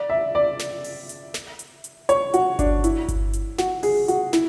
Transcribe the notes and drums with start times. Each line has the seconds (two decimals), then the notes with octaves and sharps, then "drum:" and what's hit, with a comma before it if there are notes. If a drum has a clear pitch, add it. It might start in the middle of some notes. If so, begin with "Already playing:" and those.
Already playing: D5
0.10 E5
0.35 D5
0.59 drum: snare
0.84 drum: open hi-hat
1.09 drum: hi-hat
1.34 drum: snare
1.59 drum: hi-hat
1.84 drum: hi-hat
2.09 C#5, drum: hi-hat
2.34 F#4, drum: hi-hat
2.59 D4, drum: kick G1, hi-hat
2.84 E4, drum: hi-hat
3.08 drum: kick G1, hi-hat
3.33 drum: hi-hat
3.58 F#4, drum: snare
3.83 G#4, drum: open hi-hat
4.08 F#4, drum: hi-hat
4.33 E4, drum: snare